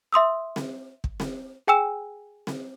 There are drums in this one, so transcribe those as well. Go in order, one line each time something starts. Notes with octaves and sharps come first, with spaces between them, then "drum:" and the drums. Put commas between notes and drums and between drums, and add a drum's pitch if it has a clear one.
E5 C6 D#6 E6
drum: snare C4
drum: kick
drum: snare C4
G#4 G5 G#5 E6 E7
drum: snare C4